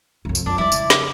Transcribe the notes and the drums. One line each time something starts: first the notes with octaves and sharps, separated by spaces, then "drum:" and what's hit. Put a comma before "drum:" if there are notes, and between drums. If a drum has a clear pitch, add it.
C2 F2
drum: tambourine
F2 D4
G3 E4 D5
C#3, drum: tambourine
drum: snare